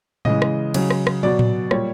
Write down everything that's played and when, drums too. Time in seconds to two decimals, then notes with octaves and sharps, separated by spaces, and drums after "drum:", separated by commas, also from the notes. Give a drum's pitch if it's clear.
0.25 C#3 E3 G#3 D#5, drum: tom A2
0.42 drum: rim click
0.74 C#3 F#3, drum: cymbal
0.90 drum: rim click
1.07 drum: rim click
1.23 B2 F#3 D5
1.39 drum: tom A2
1.71 A#2 G3 C#5, drum: rim click